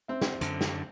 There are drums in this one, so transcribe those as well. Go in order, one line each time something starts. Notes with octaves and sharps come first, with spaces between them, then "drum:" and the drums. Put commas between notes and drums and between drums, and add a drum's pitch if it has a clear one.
C4 E5
drum: snare
F#2 D3, drum: hi-hat
drum: snare